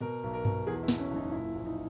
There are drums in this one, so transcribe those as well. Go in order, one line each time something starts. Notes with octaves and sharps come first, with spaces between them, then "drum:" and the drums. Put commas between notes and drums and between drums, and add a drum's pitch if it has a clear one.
B2 A#4
B1
A#4
B2, drum: tom G2
E2 G#4
E4
B2, drum: snare
C#4
F#1 D#4
A#2 E4
A#1
D#4